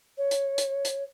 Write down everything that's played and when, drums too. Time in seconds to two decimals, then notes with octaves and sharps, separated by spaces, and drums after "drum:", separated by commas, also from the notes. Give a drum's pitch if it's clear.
0.18 C#5
0.31 drum: hi-hat
0.58 drum: hi-hat
0.85 drum: hi-hat